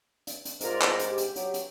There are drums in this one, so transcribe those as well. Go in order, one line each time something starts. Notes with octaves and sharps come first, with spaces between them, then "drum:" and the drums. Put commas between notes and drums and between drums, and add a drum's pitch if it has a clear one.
drum: hi-hat
drum: hi-hat
G#2 F4 A#4 D5, drum: hi-hat
drum: clap
G4, drum: hi-hat
drum: hi-hat
F#3, drum: hi-hat
drum: hi-hat